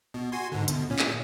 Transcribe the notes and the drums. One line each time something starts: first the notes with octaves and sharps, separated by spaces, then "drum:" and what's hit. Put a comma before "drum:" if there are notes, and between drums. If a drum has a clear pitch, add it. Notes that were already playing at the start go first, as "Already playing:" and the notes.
B2
F#4 G#5 C6
G#2 D3
D2 B2, drum: hi-hat
A#2 C#4
drum: clap